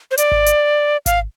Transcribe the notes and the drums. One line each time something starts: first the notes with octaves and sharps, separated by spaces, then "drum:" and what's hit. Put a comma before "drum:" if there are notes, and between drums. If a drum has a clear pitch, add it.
C5
D5, drum: hi-hat
drum: kick G#1
drum: hi-hat
F5, drum: kick G#1, hi-hat